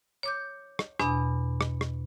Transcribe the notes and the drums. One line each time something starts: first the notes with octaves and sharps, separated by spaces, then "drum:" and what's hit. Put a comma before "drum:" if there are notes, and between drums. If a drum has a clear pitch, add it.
C#5 D6 G6
drum: rim click
E2 B2 D4 B5, drum: rim click
drum: rim click
drum: rim click